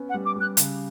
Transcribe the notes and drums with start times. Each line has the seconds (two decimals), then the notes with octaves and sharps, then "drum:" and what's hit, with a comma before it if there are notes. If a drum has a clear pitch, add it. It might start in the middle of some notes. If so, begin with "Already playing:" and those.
Already playing: B3 C#4
0.09 F#5
0.14 G3
0.26 D6
0.36 G3 F#6
0.57 C#3, drum: hi-hat